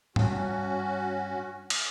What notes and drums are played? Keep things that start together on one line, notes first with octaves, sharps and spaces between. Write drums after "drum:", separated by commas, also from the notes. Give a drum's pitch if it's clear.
G2 C#4 F#4, drum: tom G#2
drum: cymbal